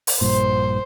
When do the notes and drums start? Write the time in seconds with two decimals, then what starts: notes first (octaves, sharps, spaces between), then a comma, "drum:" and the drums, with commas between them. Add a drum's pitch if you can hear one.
0.07 drum: open hi-hat
0.21 A#1 G2 A#2 C5